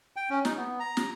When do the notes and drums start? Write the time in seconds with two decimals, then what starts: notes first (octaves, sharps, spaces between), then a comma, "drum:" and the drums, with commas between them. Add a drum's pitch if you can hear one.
0.16 G5
0.30 C#4
0.45 D#4, drum: snare
0.57 B3
0.80 A#5
0.97 drum: snare